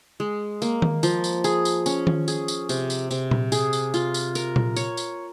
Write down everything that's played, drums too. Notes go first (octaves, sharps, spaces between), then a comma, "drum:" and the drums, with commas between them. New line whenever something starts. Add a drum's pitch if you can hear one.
G#3
A#3, drum: tambourine
drum: tom D#3
F3, drum: tambourine
drum: tambourine
G#4, drum: tambourine
drum: tambourine
C#4, drum: tambourine
drum: tom D#3
G#4, drum: tambourine
drum: tambourine
C3, drum: tambourine
drum: tambourine
C3, drum: tambourine
drum: tom A#2
G#4, drum: tambourine
drum: tambourine
F4, drum: tambourine
drum: tambourine
A#4, drum: tambourine
drum: tom A#2
C#5, drum: tambourine
drum: tambourine